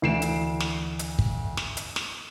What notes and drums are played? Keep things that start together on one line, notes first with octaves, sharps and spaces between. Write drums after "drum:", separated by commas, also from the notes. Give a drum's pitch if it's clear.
D2 E3 C7 D7 E7
drum: hi-hat
drum: snare
drum: hi-hat
drum: kick
drum: snare
drum: hi-hat
drum: snare